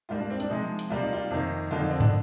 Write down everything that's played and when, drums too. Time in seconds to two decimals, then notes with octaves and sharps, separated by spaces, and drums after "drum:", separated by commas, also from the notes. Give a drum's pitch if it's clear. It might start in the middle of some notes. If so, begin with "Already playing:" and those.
0.09 G#2 G3 A#3 F4
0.20 D4
0.30 C4
0.40 D4, drum: hi-hat
0.50 C3 F3 G#3 D#4
0.79 drum: hi-hat
0.90 C3 G3 A#3 F4
1.01 D#4
1.13 F4
1.30 F2 C3 D#3 A#3
1.71 F2 D3 F3 A#3 F4
1.80 D#4
1.90 C4
2.00 D4, drum: tom